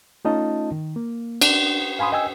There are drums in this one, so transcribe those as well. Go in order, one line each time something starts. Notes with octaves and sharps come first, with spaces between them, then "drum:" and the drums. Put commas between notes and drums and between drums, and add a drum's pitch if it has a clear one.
A3 C#4 D#4 F4 D#5 A5
D#3
A#3
D4, drum: cymbal
F5 G#5 B5 C6 D#6
D#5 G5 G#5 E6